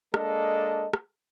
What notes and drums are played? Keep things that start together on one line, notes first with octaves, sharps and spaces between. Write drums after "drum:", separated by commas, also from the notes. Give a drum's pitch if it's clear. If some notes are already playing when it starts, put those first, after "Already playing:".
G#3 A#3 D4 A4 D#5, drum: rim click
drum: rim click